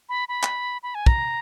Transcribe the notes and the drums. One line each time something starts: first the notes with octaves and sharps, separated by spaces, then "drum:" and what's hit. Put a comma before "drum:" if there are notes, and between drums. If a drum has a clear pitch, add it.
B5
B5
drum: clap
B5
G#5
A#5, drum: kick